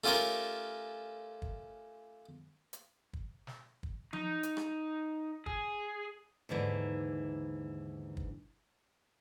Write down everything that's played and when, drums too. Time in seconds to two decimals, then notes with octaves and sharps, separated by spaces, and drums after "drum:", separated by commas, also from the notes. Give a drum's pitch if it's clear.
0.04 A3 C#4 F4 G4 A4 A#4
1.42 drum: kick
2.73 drum: hi-hat
3.13 drum: kick
3.47 drum: snare
3.83 drum: kick
4.13 D#4, drum: tom F3
4.43 drum: hi-hat
4.57 drum: rim click
5.46 G#4, drum: kick
6.49 D#2 G#2 D3 E3
8.17 drum: kick